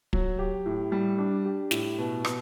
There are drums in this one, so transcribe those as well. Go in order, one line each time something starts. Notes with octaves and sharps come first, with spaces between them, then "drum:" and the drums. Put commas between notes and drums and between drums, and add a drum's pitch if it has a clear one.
F#3, drum: kick
G4
A2
G3
D4
G4
A2, drum: snare
B2
B2, drum: rim click